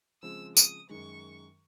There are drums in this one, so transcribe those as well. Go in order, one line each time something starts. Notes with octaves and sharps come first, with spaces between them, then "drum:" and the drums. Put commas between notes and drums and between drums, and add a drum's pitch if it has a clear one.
C#3 F3 G#3 C4 E6
D#6, drum: tambourine
F#2 D#3 G#3 C#6